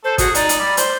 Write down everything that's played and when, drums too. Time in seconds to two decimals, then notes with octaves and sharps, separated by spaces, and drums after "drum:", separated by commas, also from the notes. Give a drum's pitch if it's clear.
0.04 A4 C5
0.18 F#4 G#4, drum: kick, hi-hat
0.35 D#4 D5, drum: hi-hat
0.49 drum: hi-hat
0.60 G3
0.77 C5, drum: hi-hat